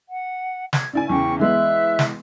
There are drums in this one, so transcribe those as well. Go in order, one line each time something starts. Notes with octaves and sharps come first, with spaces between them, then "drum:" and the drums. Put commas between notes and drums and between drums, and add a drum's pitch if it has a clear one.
F#5
G#6, drum: snare
C#3 E4 D5 G#5
E2 C#3 G5 C#6
E3 G#3 B3 E5 E6 F#6
drum: snare